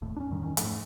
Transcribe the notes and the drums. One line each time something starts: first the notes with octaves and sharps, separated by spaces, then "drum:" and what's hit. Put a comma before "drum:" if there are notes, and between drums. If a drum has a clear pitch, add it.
F1 D#2 A2
C#4 D4
F2 A2 D#3 G3
E2 D#3 C#4
G#2 F3 A3, drum: hi-hat